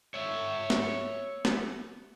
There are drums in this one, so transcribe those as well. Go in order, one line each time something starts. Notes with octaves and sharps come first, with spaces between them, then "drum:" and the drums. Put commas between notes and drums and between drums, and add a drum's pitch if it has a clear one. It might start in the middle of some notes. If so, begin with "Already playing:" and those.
C#5 E5
drum: snare
drum: snare